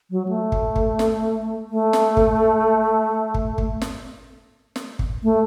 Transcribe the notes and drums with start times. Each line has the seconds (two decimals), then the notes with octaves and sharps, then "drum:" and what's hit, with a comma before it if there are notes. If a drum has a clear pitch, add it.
0.11 F#3
0.29 A3
0.52 drum: kick
0.76 drum: kick
0.99 drum: snare
1.70 A3
1.93 drum: snare
2.17 drum: kick
3.34 drum: kick
3.58 drum: kick
3.81 drum: snare
4.76 drum: snare
4.99 drum: kick
5.23 A3